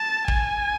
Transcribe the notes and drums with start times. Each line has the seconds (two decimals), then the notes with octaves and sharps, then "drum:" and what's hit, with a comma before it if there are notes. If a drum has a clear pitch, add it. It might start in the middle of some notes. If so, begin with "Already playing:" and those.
Already playing: A5
0.28 G#5, drum: kick